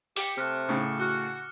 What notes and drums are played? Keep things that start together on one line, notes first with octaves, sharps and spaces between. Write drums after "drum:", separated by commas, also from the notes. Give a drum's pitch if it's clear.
G4 D6 C#7, drum: open hi-hat
C3 A3 C4 F6 F#6
A2 C#3
F#4 F6